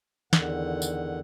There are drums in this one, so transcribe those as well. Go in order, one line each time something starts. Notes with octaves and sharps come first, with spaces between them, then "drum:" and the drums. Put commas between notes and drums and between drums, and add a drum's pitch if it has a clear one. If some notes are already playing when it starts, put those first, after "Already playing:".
E2 D3 D#3 F#5, drum: snare
drum: tambourine